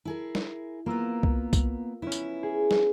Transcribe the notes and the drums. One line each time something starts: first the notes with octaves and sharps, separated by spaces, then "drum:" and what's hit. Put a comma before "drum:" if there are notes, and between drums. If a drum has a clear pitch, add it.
E4 G#4 A#4
drum: snare
A#3 B3 F4 A#4 E6
drum: kick C2
drum: kick C2, tambourine
B3 C#4 E4
drum: tambourine
G#4
drum: snare